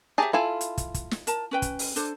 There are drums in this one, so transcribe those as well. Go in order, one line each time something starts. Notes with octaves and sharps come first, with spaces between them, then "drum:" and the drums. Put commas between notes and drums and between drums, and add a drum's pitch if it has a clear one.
G4 G#4 C#5 E5 A5 A#5
E4 F4 A4 G#5 A5 B5
drum: hi-hat
drum: kick, hi-hat
drum: kick, hi-hat
drum: snare
A#4 A5, drum: hi-hat
C#4 B4 G5
drum: kick, hi-hat
drum: open hi-hat
D4 A4 C5, drum: hi-hat